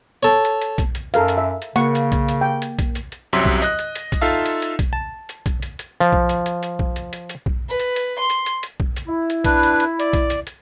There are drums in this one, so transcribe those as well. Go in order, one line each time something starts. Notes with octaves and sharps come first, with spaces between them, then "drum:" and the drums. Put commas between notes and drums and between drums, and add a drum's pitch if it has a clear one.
A4 C#5
drum: hi-hat
drum: hi-hat
drum: kick B1, hi-hat
drum: hi-hat
F#2 A4 A#4 F5, drum: hi-hat
drum: hi-hat
E5
drum: hi-hat
C#3 A#3 F#5 C#6, drum: hi-hat
drum: hi-hat
drum: kick B1, hi-hat
drum: hi-hat
G5
drum: hi-hat
drum: kick B1, hi-hat
drum: hi-hat
drum: hi-hat
C2 F#2 C3 F#3 E5 C6
drum: kick B1
D#5 F#6, drum: hi-hat
drum: hi-hat
drum: hi-hat
drum: kick B1, hi-hat
D#4 F4 A4 E5 F5 A5
drum: hi-hat
drum: hi-hat
drum: kick B1, hi-hat
A5
drum: hi-hat
drum: kick B1, hi-hat
drum: hi-hat
drum: hi-hat
F3
drum: kick B1
drum: hi-hat
drum: hi-hat
drum: hi-hat
drum: kick B1
drum: hi-hat
drum: hi-hat
drum: hi-hat
drum: kick B1
B4
drum: hi-hat
drum: hi-hat
C6
drum: hi-hat
drum: hi-hat
drum: hi-hat
drum: kick B1
drum: hi-hat
E4
drum: hi-hat
D4 B4, drum: kick B1, hi-hat
drum: hi-hat
drum: hi-hat
D5, drum: hi-hat
drum: kick B1, hi-hat
drum: hi-hat
drum: hi-hat